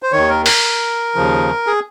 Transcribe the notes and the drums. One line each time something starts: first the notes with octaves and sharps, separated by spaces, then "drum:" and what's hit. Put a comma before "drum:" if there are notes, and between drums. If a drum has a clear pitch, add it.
C5
D#2 D#3 C#5
A#4
A#4, drum: open hi-hat
D#2 C#3 F3
G#4